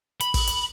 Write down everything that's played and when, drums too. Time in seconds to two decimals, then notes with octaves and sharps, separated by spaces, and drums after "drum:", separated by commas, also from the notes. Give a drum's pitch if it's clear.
0.21 B5, drum: hi-hat
0.34 drum: kick, open hi-hat
0.47 drum: hi-hat